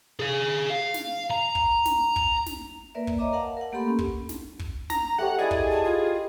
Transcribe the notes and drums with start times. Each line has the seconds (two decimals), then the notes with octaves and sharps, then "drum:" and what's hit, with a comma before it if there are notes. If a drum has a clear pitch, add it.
0.20 G#4 F5
0.70 F5
0.94 drum: snare
1.30 A#5
1.55 drum: kick
1.85 drum: snare
2.16 drum: kick
2.46 drum: snare
2.95 A#3 A#4 B4 D5 E5
3.07 drum: kick
3.18 C#5 D#5 E5 A#5 D6
3.33 A#4 F5 F#5 A5
3.57 A#4 F#5
3.72 A3 A#3 G4 A4 B5 C6
3.88 C#4
3.99 drum: kick
4.29 drum: snare
4.59 drum: kick
4.90 A#5, drum: snare
5.18 A3 G4 C#5 F#5
5.39 E4 G#4 D5 D#5
5.51 drum: kick
5.70 A5
5.84 F4